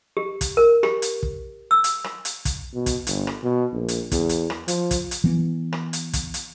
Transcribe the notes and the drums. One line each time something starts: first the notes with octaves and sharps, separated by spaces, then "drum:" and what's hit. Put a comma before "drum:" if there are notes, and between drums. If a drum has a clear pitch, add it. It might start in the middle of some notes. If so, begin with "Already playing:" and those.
G4
drum: kick, hi-hat
A#4
G4, drum: rim click
drum: hi-hat
drum: kick
E6
drum: hi-hat
drum: rim click
drum: hi-hat
drum: kick, hi-hat
B2
drum: kick, hi-hat
G1, drum: hi-hat
drum: rim click
B2
A#1
drum: hi-hat
E2, drum: kick, hi-hat
drum: hi-hat
drum: rim click
F3, drum: hi-hat
drum: kick, hi-hat
drum: hi-hat
E3 B3
drum: rim click
drum: hi-hat
drum: kick, hi-hat
drum: hi-hat